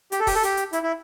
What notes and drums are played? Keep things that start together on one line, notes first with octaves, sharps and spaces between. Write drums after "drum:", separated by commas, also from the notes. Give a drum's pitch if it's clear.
G4, drum: hi-hat
A4
G4, drum: kick D#1, open hi-hat
A4
G4, drum: hi-hat
drum: hi-hat
E4, drum: hi-hat
E4